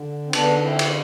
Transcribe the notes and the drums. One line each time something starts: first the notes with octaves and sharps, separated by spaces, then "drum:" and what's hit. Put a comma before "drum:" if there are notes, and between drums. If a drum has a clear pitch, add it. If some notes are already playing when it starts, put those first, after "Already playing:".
Already playing: D3
C4
D3 B3 D4, drum: cymbal
C4 E4
drum: cymbal